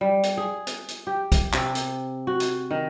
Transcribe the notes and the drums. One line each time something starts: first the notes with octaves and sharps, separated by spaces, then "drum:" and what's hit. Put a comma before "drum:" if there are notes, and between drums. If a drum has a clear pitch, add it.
G3
drum: hi-hat
G#4
drum: hi-hat
drum: hi-hat
G4
drum: kick, hi-hat
C3, drum: clap
drum: hi-hat
F#4
drum: hi-hat
D#3